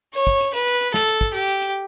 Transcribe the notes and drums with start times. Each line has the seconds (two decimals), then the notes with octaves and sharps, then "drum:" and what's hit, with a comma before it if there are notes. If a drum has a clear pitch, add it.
0.14 C#5, drum: open hi-hat
0.27 drum: kick, hi-hat
0.40 drum: hi-hat
0.54 B4, drum: hi-hat
0.67 drum: hi-hat
0.81 drum: hi-hat
0.94 A4, drum: snare
1.08 drum: hi-hat
1.21 drum: kick, hi-hat
1.34 G4, drum: hi-hat
1.48 drum: hi-hat
1.61 drum: hi-hat